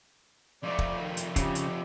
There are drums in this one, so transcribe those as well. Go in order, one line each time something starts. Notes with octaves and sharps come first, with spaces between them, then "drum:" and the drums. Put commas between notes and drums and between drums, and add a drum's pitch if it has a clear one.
F2 A3 D5
drum: kick
D#3
drum: hi-hat
C#3 G4, drum: kick, hi-hat
drum: hi-hat